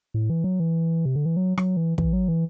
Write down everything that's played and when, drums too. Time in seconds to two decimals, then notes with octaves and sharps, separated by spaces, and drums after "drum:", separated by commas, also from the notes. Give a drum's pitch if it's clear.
0.14 A2
0.30 E3
0.44 F#3
0.60 E3
1.06 C3
1.15 D3
1.26 E3
1.37 F#3
1.58 F#3, drum: rim click
1.77 E3
1.98 E3, drum: kick
2.13 F#3
2.28 E3